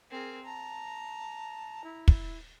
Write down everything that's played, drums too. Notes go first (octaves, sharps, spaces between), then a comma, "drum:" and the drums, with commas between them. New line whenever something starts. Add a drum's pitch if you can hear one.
C4 G#4 A#4
A5 A#5
E4
drum: kick